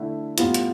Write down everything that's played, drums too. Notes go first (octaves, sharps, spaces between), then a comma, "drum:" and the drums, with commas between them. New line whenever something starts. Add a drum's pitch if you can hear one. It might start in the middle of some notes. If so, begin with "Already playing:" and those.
Already playing: D3 A3 E4
A2 G3 B3 F4, drum: hi-hat
drum: hi-hat